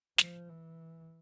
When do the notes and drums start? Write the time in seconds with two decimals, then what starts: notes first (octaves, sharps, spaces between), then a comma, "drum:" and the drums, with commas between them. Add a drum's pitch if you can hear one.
0.18 F3, drum: snare
0.49 E3